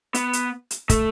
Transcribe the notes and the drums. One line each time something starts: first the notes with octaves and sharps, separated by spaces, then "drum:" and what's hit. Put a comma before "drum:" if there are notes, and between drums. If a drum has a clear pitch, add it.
B3, drum: hi-hat
drum: hi-hat
drum: hi-hat
A3, drum: kick, hi-hat